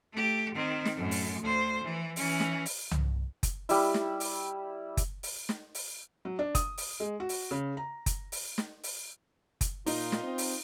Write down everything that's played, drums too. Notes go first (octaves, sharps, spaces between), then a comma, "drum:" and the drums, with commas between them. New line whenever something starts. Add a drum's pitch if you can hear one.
A3 G4
D#3 C4
drum: snare
F#2 A2
drum: open hi-hat
D2 C5
E3
E3 C#4, drum: open hi-hat
drum: snare
drum: open hi-hat
drum: tom C2
drum: kick F#1, hi-hat
G3 E4, drum: open hi-hat
drum: snare
drum: open hi-hat
drum: kick F#1, hi-hat
drum: open hi-hat
drum: snare
drum: open hi-hat
F#3
D4
D#6, drum: kick F#1, hi-hat
drum: open hi-hat
G#3
F#4
drum: open hi-hat
C#3
A#5
drum: kick F#1, hi-hat
drum: open hi-hat
drum: snare
drum: open hi-hat
drum: kick F#1, hi-hat
A#2 D#4 F4, drum: open hi-hat
drum: snare
C4
drum: open hi-hat